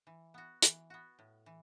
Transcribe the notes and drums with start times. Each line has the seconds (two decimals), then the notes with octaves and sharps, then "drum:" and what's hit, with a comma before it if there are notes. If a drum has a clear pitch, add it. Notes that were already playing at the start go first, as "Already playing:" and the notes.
0.07 E3
0.34 B3 F#4
0.62 E3, drum: hi-hat
0.90 B3 F#4
1.19 A2
1.46 E3